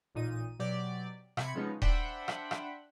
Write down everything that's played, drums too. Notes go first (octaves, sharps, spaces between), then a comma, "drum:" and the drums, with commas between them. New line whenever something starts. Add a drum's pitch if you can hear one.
A1 A#2 D#4 D#7
B2 F#3 G4 D5
C3 B5 G#6 C#7, drum: rim click
C#3 F3 G#3 B3 C#4 D#4
D4 C5 E5 F#5 G5 B5, drum: kick D#1
drum: rim click
drum: rim click